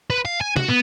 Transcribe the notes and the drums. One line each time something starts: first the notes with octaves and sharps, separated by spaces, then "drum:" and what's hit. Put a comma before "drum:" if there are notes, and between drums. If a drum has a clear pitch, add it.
B4
F5
G#5
F#4, drum: tom
B3